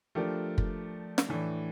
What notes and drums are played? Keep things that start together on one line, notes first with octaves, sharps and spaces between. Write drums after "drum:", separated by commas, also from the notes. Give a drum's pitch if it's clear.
F3 A3 D4 G4 A#4
drum: kick
drum: snare
A2 E3 A3 D4